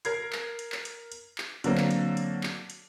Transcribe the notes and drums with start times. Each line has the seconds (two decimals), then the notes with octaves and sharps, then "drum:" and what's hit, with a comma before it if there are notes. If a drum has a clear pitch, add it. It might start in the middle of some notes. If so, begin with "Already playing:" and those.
0.05 A#4 G#6 C7, drum: hi-hat
0.33 drum: clap
0.59 drum: hi-hat
0.72 drum: clap
0.85 drum: hi-hat
1.12 drum: hi-hat
1.38 drum: clap
1.64 D3 F#3 A#3 C4, drum: hi-hat
1.77 drum: clap
1.91 drum: hi-hat
2.17 drum: hi-hat
2.43 drum: clap
2.70 drum: hi-hat